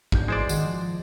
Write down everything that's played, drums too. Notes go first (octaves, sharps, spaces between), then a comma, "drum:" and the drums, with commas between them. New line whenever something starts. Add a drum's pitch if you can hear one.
E1 G#2 D4 G6, drum: kick
E3 G#3 C5 D5
D#3 F#4 D#5 F#5, drum: tambourine
F3